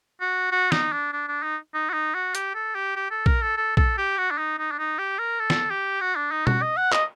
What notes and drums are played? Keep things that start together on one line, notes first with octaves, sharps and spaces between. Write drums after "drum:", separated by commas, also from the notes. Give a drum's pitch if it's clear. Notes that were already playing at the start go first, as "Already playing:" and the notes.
F#4
F#4
D#4, drum: snare
D4
D4
D4
D#4
D#4
F#4
D#4
F#4
G4, drum: hi-hat
A4
G4
G4
A4
A#4, drum: kick A#1
A4
A4
A4, drum: kick A#1
G4
F#4
D4
D#4
D#4
D4
D#4
G4
A#4
A4
drum: snare
G4
F#4
D4
D#4
F#4, drum: tom B2
D#5
F#5
D#5, drum: clap